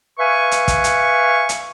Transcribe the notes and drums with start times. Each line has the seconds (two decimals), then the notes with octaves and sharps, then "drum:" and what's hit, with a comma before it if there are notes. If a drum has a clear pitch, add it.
0.19 B4 E5 F5 G#5 C#6
0.51 drum: hi-hat
0.68 drum: kick, hi-hat
0.84 drum: hi-hat
1.49 drum: hi-hat